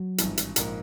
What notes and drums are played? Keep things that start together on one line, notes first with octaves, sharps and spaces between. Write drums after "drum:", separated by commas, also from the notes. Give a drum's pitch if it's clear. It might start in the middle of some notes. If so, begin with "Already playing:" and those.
Already playing: F#3
G#1 G2 E3, drum: hi-hat
drum: hi-hat
A#1 G#2 F3 A#3, drum: hi-hat